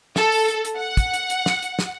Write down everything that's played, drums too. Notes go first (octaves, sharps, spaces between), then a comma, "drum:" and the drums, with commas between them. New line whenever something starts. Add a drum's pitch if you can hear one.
A4, drum: snare
drum: open hi-hat
drum: hi-hat
drum: hi-hat
F#5
drum: kick, hi-hat
drum: hi-hat
drum: hi-hat
drum: snare
drum: hi-hat
drum: snare